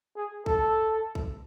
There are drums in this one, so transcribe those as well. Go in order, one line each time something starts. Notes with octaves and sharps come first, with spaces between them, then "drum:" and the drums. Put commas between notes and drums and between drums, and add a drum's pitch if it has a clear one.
G#4
A4, drum: kick
drum: kick